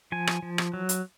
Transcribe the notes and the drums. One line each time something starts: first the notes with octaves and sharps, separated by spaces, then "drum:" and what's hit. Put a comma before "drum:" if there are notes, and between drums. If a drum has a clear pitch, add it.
F3 G#5
drum: rim click
F3
drum: rim click
F#3
drum: hi-hat